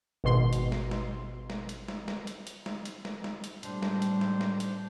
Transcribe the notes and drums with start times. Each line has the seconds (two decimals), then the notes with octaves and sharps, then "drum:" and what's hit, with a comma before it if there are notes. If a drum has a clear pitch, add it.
0.24 G#1 B2 C6
0.53 drum: hi-hat
0.72 drum: snare
0.91 drum: snare
1.50 drum: snare
1.69 drum: hi-hat
1.88 drum: snare
2.08 drum: snare
2.27 drum: hi-hat
2.47 drum: hi-hat
2.66 drum: snare
2.85 drum: hi-hat
3.05 drum: snare
3.24 drum: snare
3.44 drum: hi-hat
3.63 A2 G3 D4 C5, drum: hi-hat
3.82 drum: snare
4.02 drum: hi-hat
4.21 drum: snare
4.41 drum: snare
4.60 drum: hi-hat